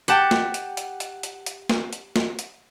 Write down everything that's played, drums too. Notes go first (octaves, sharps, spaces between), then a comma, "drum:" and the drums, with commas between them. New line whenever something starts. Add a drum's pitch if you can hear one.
G4 F#5 G5 A5, drum: hi-hat
drum: snare
drum: hi-hat
drum: hi-hat
drum: hi-hat
drum: hi-hat
drum: hi-hat
drum: snare
drum: hi-hat
drum: snare
drum: hi-hat